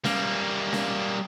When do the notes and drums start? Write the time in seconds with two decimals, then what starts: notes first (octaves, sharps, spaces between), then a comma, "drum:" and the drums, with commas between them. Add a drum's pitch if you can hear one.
0.04 G3 A#3, drum: snare C#4
0.73 drum: snare C#4